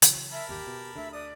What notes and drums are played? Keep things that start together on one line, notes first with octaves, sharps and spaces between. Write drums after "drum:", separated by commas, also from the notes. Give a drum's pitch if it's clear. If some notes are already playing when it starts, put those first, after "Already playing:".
C#3 E3 F#3, drum: hi-hat
A#4 E5 A5 B5
G1 D#2 G4
B2
D2 D3 E5
D5 D#6